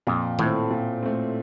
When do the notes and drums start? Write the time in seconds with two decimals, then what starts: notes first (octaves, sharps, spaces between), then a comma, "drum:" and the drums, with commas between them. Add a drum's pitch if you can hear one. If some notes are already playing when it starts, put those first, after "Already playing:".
0.07 F2 A#2
0.39 A2 A3 C4, drum: tom D#3
0.71 A#2
1.03 A3 C4